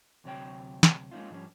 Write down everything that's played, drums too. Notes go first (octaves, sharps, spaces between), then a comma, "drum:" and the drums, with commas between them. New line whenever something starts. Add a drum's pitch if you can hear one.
D2 C3 F#3 C#5 G5
drum: snare
G#3 A#3 C#4 D#4 F4
G#2 F3 G3 C#4